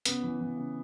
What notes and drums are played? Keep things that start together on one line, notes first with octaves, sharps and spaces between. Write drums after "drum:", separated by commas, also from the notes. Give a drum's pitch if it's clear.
C#3 B3, drum: hi-hat
E3
E3
C#3